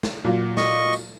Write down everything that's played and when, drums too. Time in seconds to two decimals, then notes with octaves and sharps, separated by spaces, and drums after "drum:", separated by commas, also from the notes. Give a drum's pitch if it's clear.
0.03 drum: snare
0.24 A#2 F#3 F4
0.57 D#5 C#6, drum: snare
0.93 drum: tambourine